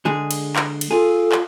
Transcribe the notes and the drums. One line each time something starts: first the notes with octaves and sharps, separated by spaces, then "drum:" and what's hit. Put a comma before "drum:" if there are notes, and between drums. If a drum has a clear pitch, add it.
D3 G#3 G#4
drum: cymbal
drum: clap
drum: cymbal
F4 G#4 A4
drum: clap